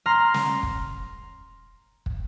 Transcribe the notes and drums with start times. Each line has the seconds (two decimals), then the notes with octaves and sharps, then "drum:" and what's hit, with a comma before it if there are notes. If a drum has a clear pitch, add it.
0.06 A#5 C6 F6
0.34 drum: snare
0.63 drum: kick
2.06 drum: kick